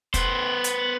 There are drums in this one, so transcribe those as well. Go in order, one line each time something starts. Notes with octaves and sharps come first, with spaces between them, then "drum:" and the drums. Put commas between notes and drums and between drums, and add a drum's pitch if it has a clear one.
B3 C5, drum: kick, hi-hat
drum: hi-hat